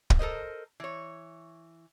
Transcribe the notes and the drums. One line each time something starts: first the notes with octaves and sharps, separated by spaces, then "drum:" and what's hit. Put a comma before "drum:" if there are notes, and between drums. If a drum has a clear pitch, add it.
drum: kick
A4 A#4 C5 D#5
E3 C#5